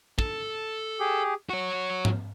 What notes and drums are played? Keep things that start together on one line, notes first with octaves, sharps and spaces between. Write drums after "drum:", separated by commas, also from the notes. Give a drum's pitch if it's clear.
A4, drum: kick
G4 G#4
F#4 C#5 C#6
drum: tom G#2